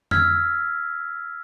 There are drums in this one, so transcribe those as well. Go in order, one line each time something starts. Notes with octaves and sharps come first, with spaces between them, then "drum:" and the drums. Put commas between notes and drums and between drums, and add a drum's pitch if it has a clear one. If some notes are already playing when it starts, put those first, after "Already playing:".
E6 F6 G#6 B6, drum: tom F2